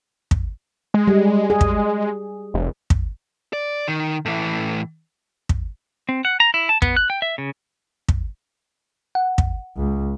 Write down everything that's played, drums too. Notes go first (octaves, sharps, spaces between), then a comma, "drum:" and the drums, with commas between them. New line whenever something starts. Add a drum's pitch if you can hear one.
drum: kick
G#3
G3
G#4
drum: kick
F1
drum: kick
D5
D#3
A2 E3
drum: kick
C4
F#5
A#5
E4
A5
B3, drum: kick
F#6
G5
E5
C#3
drum: kick
F#5
drum: kick
C#2